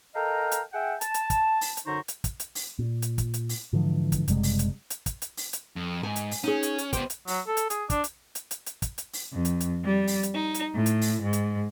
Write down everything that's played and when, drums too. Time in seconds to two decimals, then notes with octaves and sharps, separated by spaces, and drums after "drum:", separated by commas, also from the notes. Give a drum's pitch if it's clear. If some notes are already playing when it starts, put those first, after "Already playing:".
0.15 A4 A#4 D#5 F5 G5 A#5
0.51 drum: hi-hat
0.73 G#4 E5 F#5 G5
1.01 A5, drum: hi-hat
1.14 drum: hi-hat
1.30 drum: kick, hi-hat
1.61 drum: open hi-hat
1.77 drum: hi-hat
1.86 F#2 D3 D#4 C5 A#5 C#6
2.08 drum: hi-hat
2.24 drum: kick, hi-hat
2.40 drum: hi-hat
2.55 drum: open hi-hat
2.79 A#2
3.02 drum: hi-hat
3.18 drum: kick, hi-hat
3.34 drum: hi-hat
3.49 drum: open hi-hat
3.73 G#2 D3 E3 F3
4.12 drum: kick, hi-hat
4.28 F#1 C3 G3 G#3, drum: hi-hat
4.43 drum: open hi-hat
4.59 drum: hi-hat
4.90 drum: hi-hat
5.06 drum: kick, hi-hat
5.22 drum: hi-hat
5.37 drum: open hi-hat
5.53 drum: hi-hat
5.76 F2
6.03 G#2 G#5
6.16 drum: hi-hat
6.31 drum: open hi-hat
6.44 C#4 D#4 G#4
6.63 drum: hi-hat
6.78 drum: hi-hat
6.93 B3 G4 C5, drum: kick, hi-hat
7.10 drum: hi-hat
7.27 F#3, drum: open hi-hat
7.47 A4
7.57 drum: hi-hat
7.70 G#4, drum: hi-hat
7.90 D4, drum: kick, hi-hat
8.04 drum: hi-hat
8.35 drum: hi-hat
8.51 drum: hi-hat
8.66 drum: hi-hat
8.82 drum: kick, hi-hat
8.98 drum: hi-hat
9.13 drum: open hi-hat
9.32 F2
9.45 drum: hi-hat
9.60 drum: hi-hat
9.84 G3
10.07 drum: open hi-hat
10.23 drum: hi-hat
10.34 D#4
10.54 drum: hi-hat
10.75 A2
10.86 drum: hi-hat
11.01 drum: open hi-hat
11.22 G#2
11.33 drum: hi-hat